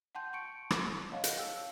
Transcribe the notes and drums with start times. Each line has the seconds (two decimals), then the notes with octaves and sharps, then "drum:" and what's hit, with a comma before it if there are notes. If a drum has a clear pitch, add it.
0.15 F#5 G5 A5 C6 G6
0.33 A5 C#6 C#7 D7
0.71 A5, drum: rim click
1.12 C#5 D#5 F5 F#5 A5
1.24 drum: hi-hat
1.36 F5 G5 E6